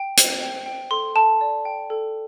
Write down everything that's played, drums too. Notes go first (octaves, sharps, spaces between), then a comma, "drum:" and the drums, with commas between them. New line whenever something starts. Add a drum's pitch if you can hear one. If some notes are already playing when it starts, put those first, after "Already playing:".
Already playing: G5
C5, drum: hi-hat
G5
G5
A4 C6
A4 A5
D5
G5
A4